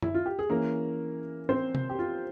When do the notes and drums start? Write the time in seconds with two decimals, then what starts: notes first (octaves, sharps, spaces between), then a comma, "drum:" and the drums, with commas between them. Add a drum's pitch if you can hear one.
0.02 E4, drum: tom F#2
0.14 F4
0.26 G4
0.39 G#4
0.50 E3 A#3 C#4 A#4
1.49 C4 C5
1.75 drum: tom
1.89 G4
1.99 F4